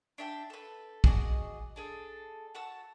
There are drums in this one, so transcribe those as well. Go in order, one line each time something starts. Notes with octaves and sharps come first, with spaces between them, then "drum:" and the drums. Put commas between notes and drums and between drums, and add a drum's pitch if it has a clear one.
D4 E5 G5
A4 B4
F#4 G#4 D5 D#5, drum: kick
D4 G#4 A4
F#4 F#5 A5 E6